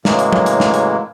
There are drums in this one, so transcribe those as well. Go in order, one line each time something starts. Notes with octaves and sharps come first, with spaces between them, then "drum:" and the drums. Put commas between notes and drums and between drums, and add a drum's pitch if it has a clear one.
A2 C#3 E3 F#3 G#3 A#3, drum: snare
drum: hi-hat
drum: tom
drum: hi-hat
drum: snare
drum: hi-hat